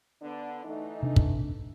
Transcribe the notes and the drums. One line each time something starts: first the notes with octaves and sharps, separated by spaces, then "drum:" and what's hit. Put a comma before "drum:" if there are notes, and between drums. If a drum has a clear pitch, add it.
D3 B3 D4
E3 A3 D#4
C3 D4
drum: kick